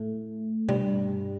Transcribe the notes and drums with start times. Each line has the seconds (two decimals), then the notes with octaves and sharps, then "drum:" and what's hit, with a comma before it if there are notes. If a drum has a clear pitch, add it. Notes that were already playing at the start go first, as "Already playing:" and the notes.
Already playing: A2 A3
0.69 G2 G3, drum: tom B2